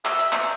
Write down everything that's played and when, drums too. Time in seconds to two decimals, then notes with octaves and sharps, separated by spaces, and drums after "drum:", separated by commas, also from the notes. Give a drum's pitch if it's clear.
0.05 E5, drum: clap
0.19 drum: hi-hat
0.32 drum: clap